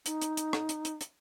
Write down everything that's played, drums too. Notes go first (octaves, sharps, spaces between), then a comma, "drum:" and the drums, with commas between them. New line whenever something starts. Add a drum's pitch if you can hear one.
D#4, drum: hi-hat
drum: hi-hat
drum: hi-hat
drum: rim click
drum: hi-hat
drum: hi-hat
drum: hi-hat